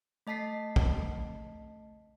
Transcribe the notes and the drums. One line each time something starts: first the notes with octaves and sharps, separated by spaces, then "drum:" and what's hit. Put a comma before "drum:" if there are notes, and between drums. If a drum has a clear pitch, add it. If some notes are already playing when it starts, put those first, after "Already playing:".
A3 D#5 A5 B6 C7
drum: kick